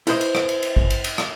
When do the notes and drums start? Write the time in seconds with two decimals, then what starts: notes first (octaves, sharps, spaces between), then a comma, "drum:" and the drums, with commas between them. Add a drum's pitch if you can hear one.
0.07 E4 B4 C5 D#5, drum: cymbal
0.21 drum: cymbal
0.35 drum: rim click
0.49 drum: cymbal
0.63 drum: cymbal
0.76 drum: kick
0.90 drum: cymbal
1.04 drum: cymbal
1.18 drum: rim click